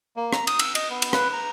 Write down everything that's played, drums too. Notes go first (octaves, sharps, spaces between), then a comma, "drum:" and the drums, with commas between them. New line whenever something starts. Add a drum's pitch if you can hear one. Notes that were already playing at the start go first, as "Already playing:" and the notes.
A#3
A#5, drum: rim click
D#6, drum: cymbal
E6, drum: cymbal
D#5, drum: cymbal
B3
drum: cymbal
B4, drum: rim click
A#5